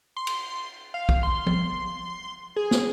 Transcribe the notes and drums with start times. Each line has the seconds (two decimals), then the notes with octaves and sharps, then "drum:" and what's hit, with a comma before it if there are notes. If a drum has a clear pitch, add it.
0.17 C6
0.27 drum: cymbal
0.94 F5
1.09 drum: kick
1.23 C6
1.47 drum: tom
2.56 G#4
2.71 drum: snare